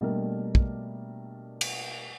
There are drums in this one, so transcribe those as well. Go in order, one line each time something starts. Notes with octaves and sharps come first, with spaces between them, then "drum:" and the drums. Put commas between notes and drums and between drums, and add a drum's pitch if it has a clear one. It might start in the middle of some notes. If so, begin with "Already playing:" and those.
B2 G3 A3 A#3 D4 A#4
drum: kick
drum: cymbal